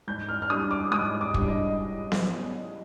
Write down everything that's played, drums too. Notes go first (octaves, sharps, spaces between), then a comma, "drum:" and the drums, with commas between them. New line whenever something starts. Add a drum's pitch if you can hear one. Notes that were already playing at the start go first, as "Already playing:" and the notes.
G#2 G6
F6
F6
G3 D4 D#6
D6
G#2 D#6
D6
G3 D4, drum: kick
D#5
drum: snare B3